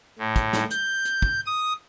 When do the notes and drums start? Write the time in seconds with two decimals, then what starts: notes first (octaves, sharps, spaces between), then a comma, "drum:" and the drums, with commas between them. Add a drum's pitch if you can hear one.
0.18 A2
0.36 drum: kick, hi-hat
0.53 drum: snare
0.70 G6, drum: hi-hat
1.05 drum: hi-hat
1.22 drum: kick
1.46 D#6